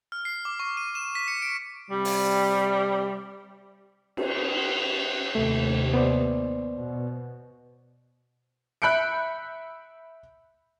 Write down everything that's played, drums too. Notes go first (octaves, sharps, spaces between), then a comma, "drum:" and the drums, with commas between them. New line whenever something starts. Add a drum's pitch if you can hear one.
F6
C7
D6
C#6
D#7
E7
B6
C#7
D7
C3 G3
drum: open hi-hat
drum: cymbal
D#2 C3 A3
B3 C5 D5
B2
E5 B5 F#6 G6 C#7 D7